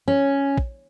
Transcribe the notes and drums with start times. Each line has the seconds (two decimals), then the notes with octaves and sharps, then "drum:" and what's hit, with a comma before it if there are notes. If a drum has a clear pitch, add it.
0.08 C#4
0.58 drum: kick